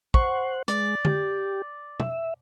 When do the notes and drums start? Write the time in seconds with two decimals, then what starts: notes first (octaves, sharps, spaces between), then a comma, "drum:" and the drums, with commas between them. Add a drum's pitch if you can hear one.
0.14 C5 F#5 C#6, drum: kick
0.68 G#3 D5, drum: hi-hat
1.05 G4, drum: tom
2.00 E5, drum: tom B2